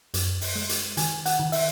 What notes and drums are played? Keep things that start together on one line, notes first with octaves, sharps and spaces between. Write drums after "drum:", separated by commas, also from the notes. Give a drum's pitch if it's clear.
F#2, drum: hi-hat
drum: open hi-hat
G#3
drum: hi-hat
D#3 G#5, drum: hi-hat
F#5, drum: hi-hat
D#3
E5, drum: open hi-hat